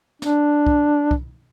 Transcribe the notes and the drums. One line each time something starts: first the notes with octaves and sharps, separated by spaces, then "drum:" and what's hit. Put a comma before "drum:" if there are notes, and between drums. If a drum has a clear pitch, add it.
D4, drum: snare
drum: kick
drum: kick